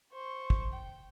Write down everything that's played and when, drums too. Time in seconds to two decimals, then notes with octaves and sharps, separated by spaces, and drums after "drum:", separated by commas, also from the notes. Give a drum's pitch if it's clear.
0.12 C5 C#6
0.50 drum: kick
0.72 G5